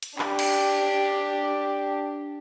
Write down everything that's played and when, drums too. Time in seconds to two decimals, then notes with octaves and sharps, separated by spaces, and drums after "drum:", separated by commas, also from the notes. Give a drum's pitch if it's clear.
0.03 drum: hi-hat
0.19 D4 G4, drum: clap
0.39 drum: cymbal